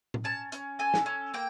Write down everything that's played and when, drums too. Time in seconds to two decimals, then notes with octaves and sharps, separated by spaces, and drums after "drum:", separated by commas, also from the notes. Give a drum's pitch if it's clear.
0.14 drum: tom A2
0.24 C#4 A5
0.52 C#4, drum: hi-hat
0.79 A4 G#5
0.94 drum: snare
1.06 C#4
1.34 A#3 G5